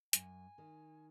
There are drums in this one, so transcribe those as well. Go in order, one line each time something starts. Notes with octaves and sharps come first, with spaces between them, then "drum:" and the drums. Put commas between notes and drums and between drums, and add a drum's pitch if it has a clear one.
F#2 G#5, drum: hi-hat
D#3